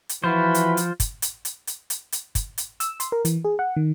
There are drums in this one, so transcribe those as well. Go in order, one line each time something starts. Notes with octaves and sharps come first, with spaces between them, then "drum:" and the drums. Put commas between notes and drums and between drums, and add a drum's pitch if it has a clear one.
drum: hi-hat
E3 F3 F4 F#4 C5 B5
drum: hi-hat
drum: hi-hat
drum: kick, hi-hat
drum: hi-hat
drum: hi-hat
drum: hi-hat
drum: hi-hat
drum: hi-hat
drum: kick, hi-hat
drum: hi-hat
E6, drum: hi-hat
C6, drum: hi-hat
A#4
E3, drum: hi-hat
G#4
F#5
D#3